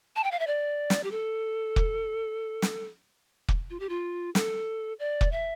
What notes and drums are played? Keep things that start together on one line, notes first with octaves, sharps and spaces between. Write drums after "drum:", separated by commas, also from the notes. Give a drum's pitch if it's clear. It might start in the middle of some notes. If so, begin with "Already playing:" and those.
A5
G5
F5
E5
D5
drum: snare
G4
A4
drum: kick
drum: snare
drum: kick
F4
G4
F4
A4, drum: snare
D5
drum: kick
E5